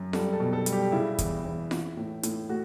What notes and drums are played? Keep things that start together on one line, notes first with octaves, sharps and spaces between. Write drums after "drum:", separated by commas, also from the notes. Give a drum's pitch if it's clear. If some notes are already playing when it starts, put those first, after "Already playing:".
Already playing: F#2
G3 A4, drum: snare F4
A4
B2
A4
G3, drum: hi-hat
G4
C#3 E4
E2, drum: kick, hi-hat
E2
E3, drum: snare F4
A2
A2, drum: hi-hat
A3 F#4